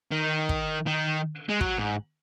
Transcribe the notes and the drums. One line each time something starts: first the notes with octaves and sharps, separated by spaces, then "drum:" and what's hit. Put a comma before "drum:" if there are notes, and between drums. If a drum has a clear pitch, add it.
D#3
drum: kick
D#3
G#3
F#3, drum: kick
G#2